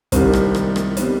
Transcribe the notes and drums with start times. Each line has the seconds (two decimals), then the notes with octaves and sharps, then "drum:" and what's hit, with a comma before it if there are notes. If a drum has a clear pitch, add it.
0.12 C2 C3 D#3 G3 C4, drum: kick, hi-hat
0.33 drum: rim click
0.55 drum: rim click
0.76 drum: rim click
0.97 C3 D#3 G3 B3, drum: hi-hat